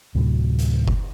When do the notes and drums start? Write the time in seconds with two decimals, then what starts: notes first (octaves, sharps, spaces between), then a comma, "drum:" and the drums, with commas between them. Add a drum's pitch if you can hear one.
0.15 D2 A2 C3 F#3
0.59 drum: hi-hat
0.88 drum: kick F#1